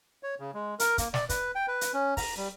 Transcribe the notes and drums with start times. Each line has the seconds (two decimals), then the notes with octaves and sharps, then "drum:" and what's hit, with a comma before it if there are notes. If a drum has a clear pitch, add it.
0.23 C#5
0.40 C#3
0.54 G#3
0.80 A#4, drum: hi-hat
0.98 A#3, drum: kick, hi-hat
1.14 D5, drum: snare
1.29 B4, drum: kick, hi-hat
1.55 G5
1.68 B4
1.81 drum: hi-hat
1.94 C#4
2.17 A#5, drum: kick, open hi-hat
2.37 G3